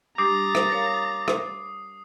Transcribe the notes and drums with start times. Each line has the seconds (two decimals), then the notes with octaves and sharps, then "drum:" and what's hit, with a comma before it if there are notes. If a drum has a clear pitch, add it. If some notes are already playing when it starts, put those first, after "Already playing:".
0.18 G3 D4 G4 A#5 D6 D#6 A6 C7
0.55 drum: rim click
0.70 A#4 C#5 F5
1.28 drum: rim click